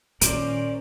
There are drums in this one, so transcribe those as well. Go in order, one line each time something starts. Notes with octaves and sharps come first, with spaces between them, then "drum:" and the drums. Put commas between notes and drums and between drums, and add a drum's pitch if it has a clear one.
A#2 D#3 C#4 A#4 C5 D5, drum: hi-hat